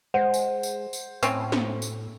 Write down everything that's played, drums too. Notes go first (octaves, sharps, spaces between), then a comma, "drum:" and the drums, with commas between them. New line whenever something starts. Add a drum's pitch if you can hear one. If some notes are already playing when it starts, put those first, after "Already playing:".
G#3 C5 F#5
drum: tambourine
drum: tambourine
drum: tambourine
A2 C4 C#4, drum: tambourine
drum: snare
drum: tambourine